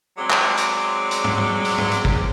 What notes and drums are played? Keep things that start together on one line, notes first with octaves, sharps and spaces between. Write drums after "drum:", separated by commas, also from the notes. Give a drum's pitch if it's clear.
F#3 G#3 C4 D5
drum: clap
drum: hi-hat
drum: hi-hat
drum: tom
drum: tom
drum: open hi-hat
drum: tom
drum: hi-hat
drum: kick